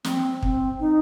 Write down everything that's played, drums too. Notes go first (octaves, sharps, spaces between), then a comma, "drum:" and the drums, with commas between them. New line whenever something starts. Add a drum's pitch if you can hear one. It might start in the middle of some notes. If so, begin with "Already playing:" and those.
C4, drum: snare
C4, drum: kick
D#4